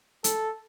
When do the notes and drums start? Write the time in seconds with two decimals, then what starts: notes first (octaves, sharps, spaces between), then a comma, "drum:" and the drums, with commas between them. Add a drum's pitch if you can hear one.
0.24 A4, drum: hi-hat